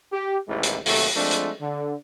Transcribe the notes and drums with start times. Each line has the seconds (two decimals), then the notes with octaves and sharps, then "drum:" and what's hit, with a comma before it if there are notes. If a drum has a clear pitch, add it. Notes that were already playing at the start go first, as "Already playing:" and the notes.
0.13 G4
0.48 A1 D#2 C3 E3 G#3
0.63 drum: hi-hat
0.86 D#2 C3 F#3 A3, drum: open hi-hat
1.15 F3 G#3 A3 C4 D4
1.31 drum: hi-hat
1.61 D3